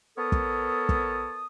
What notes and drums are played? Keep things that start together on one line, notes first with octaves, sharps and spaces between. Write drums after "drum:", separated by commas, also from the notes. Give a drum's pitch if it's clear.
B3 A4 A#4 C#5 A5 D#6
drum: kick
drum: kick